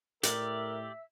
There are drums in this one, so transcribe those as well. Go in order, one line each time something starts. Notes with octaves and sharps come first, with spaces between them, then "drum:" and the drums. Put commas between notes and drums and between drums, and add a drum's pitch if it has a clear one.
A2 G4 A#4 D5 E5 E6, drum: hi-hat